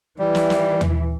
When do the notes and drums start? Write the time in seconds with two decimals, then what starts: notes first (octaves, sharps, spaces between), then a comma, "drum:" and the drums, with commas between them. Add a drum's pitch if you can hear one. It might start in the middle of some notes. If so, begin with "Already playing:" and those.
0.19 E3 G3
0.35 drum: snare
0.50 drum: snare
0.81 drum: tom